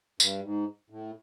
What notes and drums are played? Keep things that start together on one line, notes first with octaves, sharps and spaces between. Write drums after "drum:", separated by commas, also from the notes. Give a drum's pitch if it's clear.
G2, drum: tambourine
G#2
A2